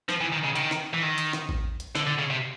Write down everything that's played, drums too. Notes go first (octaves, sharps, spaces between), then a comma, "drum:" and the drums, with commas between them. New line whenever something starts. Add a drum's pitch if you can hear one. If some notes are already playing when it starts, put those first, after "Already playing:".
F3, drum: snare
E3
D#3
C#3
D#3, drum: hi-hat
drum: snare
E3
D#3
drum: hi-hat
drum: snare
drum: kick A1
drum: hi-hat
D3, drum: snare
D3
C#3
C3